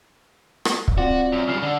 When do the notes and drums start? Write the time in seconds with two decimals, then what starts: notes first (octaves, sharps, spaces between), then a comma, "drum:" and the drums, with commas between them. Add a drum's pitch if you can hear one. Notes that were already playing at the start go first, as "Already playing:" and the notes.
0.65 drum: rim click
0.88 drum: kick C#1
0.98 C4 F4 F#4 D5
1.32 F#2
1.48 C#3 G3 F6 C7
1.62 D3 D5